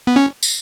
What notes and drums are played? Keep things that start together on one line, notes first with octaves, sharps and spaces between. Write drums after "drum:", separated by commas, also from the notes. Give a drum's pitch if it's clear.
B3
C#4
drum: tambourine